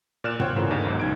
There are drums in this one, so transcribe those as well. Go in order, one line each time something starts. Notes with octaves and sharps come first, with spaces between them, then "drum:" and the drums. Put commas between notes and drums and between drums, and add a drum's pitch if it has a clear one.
A#2 D5 F6 F#6 E7
C5 C#5 F#5 G5, drum: tom
C#3 E3 A3 F4 A#4
D#2 A#3 D4 D#4
B1 G#2
C#2 G#6 D7